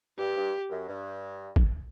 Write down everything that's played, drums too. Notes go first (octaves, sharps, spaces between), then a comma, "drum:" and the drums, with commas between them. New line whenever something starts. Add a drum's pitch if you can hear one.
G2 G4
G2
F#2
G2
drum: kick